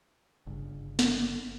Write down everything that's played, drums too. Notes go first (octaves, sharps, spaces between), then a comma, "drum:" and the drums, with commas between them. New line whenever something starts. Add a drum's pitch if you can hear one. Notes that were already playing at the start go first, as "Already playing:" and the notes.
G1 C#3
drum: snare